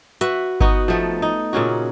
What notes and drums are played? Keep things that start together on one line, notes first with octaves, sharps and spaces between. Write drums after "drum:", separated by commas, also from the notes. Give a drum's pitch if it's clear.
F#4 B4 E5, drum: hi-hat
B3 D#4 F#4, drum: kick G1
F3 A3 B3
D#4
A#2 C#3 C#4 F#4